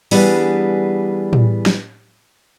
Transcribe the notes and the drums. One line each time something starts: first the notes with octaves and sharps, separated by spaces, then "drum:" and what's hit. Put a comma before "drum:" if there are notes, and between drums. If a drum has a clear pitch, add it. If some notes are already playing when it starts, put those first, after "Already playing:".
E3 G3 B3 D4 G#4, drum: open hi-hat
drum: tom A2
drum: snare